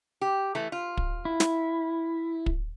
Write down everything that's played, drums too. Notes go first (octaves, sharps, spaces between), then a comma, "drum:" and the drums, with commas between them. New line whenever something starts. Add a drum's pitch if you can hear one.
G4
E3 A3
F4
drum: kick
E4
drum: snare
drum: kick